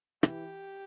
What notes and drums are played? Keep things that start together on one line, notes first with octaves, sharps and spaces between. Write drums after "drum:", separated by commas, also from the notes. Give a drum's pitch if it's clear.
E3 G4, drum: rim click